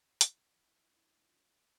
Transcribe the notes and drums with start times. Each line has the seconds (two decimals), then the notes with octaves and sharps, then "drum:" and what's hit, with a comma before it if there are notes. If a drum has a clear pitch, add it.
0.21 E4, drum: hi-hat
0.81 C#4 D4 F4